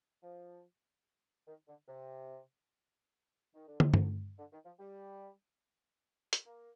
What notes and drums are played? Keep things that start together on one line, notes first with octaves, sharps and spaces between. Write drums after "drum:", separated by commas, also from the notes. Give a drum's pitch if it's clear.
F3
D#3
D3
C3
D#3
D3
C3, drum: tom
D3, drum: tom G2
D3
D#3
F3
G3
drum: hi-hat
A#3